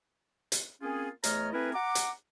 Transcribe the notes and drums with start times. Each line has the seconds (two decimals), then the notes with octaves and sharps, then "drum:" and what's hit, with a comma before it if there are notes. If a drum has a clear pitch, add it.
0.52 drum: hi-hat
0.82 A#3 C4 C#4 F4 G#4
1.24 E2 A3 C#5 D#5 A#5 F6, drum: hi-hat
1.53 A3 C4 E4 G#4 A#4 B4
1.74 F#5 A#5 D6
1.95 drum: hi-hat